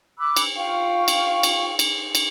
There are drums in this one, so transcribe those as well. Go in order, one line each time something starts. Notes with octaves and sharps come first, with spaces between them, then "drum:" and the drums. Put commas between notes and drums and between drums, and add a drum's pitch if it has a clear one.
B5 D6 E6 F#6
drum: cymbal
F4 F5 G5 C#6
drum: cymbal
drum: cymbal
drum: cymbal
drum: cymbal